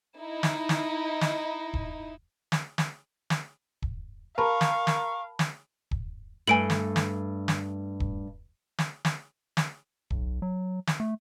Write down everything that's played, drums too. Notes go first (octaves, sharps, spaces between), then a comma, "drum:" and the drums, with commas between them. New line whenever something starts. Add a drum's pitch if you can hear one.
D#4 E4
drum: snare
drum: snare
drum: snare
drum: kick
drum: snare
drum: snare
drum: snare
drum: kick
A#4 F5 A5 B5 C#6
drum: snare
drum: snare
drum: snare
drum: kick
G2 A3 G#5 D7 F#7
drum: snare
drum: snare
drum: snare
drum: kick
drum: snare
drum: snare
drum: snare
B1, drum: kick
F#3
drum: snare
A3